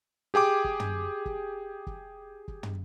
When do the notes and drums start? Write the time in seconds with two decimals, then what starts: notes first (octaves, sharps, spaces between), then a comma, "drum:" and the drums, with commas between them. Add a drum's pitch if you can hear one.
0.34 G4 G#4 G5 D6
0.64 drum: kick
0.80 drum: tom
1.25 drum: kick
1.87 drum: kick
2.48 drum: kick
2.63 drum: tom